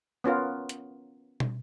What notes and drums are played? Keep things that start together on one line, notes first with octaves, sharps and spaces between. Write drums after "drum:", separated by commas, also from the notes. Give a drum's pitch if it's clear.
B3 C#4 F4 A#4
drum: hi-hat
drum: tom